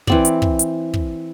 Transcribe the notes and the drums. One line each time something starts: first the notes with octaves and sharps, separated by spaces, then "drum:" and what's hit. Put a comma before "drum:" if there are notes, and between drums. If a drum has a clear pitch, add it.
E3 C4 D5, drum: kick
drum: hi-hat
drum: kick
drum: hi-hat
drum: kick